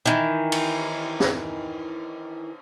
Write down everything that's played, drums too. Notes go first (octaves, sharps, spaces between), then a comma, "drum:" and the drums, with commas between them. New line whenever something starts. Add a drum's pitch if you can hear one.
D#3 E3
drum: cymbal
drum: snare